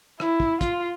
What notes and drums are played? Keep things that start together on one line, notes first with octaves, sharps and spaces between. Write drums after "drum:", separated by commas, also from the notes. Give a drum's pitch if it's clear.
E4, drum: rim click
drum: kick
F4, drum: kick, hi-hat